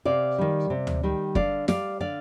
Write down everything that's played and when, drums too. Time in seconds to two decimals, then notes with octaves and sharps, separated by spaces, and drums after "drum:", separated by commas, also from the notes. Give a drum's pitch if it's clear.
0.05 C3 D5 F5
0.38 D#3 G3
0.70 C3
0.87 drum: tom
1.03 D#3 G3
1.35 D3 D5 F5, drum: kick
1.68 G3 D5 F5, drum: snare
2.01 D3 D5 F5